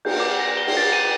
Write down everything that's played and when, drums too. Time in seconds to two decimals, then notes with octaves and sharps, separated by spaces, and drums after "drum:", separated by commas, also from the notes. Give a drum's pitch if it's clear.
0.05 G6, drum: cymbal
0.20 D6
0.40 A#6
0.57 G7
0.67 drum: cymbal
0.77 A6
0.93 D#7